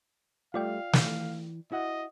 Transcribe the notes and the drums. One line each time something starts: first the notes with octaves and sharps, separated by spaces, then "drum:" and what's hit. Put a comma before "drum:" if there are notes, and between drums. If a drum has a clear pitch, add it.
G3 A3 F4 D5 F5 G5
E3, drum: snare
E4 F#4 D#5 F#5